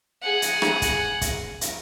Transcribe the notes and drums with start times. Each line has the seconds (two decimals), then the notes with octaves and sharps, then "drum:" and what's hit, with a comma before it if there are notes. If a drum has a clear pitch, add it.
0.22 G#4 F#5
0.42 drum: hi-hat
0.62 drum: rim click
0.82 drum: kick, hi-hat
1.21 drum: kick, hi-hat
1.61 drum: hi-hat